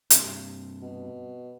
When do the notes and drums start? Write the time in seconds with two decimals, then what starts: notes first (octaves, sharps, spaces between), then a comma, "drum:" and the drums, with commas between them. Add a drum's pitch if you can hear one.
0.10 G2 C3, drum: hi-hat
0.82 B2